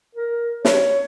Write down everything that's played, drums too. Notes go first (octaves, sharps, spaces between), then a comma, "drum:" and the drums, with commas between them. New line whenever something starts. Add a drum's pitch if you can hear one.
A#4
C#5, drum: snare